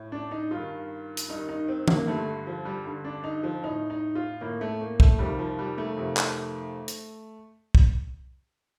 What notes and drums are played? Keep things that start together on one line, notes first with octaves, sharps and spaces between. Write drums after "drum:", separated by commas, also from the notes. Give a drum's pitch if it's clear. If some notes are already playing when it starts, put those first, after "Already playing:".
Already playing: A2
D4
D#4
G2 D#3 F4
drum: hi-hat
G2 D#3 D#4
D#4
C4
A#3, drum: tom E3
G2 D3 A3
F3
G3
G2 D3
D4
D#4
F3
A2 D#4
D#4
F4
A2 A#3
A3
A#3
A3, drum: kick
F2 C3 D#3 G3
F3
G3
A3
F2 C3 D#3
drum: clap
drum: hi-hat
drum: kick